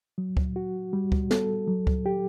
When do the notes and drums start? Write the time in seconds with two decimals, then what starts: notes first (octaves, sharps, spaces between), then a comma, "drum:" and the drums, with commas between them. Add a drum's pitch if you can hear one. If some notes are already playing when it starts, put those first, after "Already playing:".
0.18 F#3
0.37 drum: kick C#2
0.56 F#4
0.93 G3
1.12 drum: kick C#2
1.31 A4, drum: snare
1.68 F#3
1.87 drum: kick C#2
2.06 G4